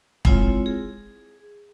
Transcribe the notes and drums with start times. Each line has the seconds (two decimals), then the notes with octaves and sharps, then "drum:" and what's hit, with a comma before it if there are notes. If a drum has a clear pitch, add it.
0.25 G#3 C4 E4 F4 C#5, drum: kick
0.66 G#4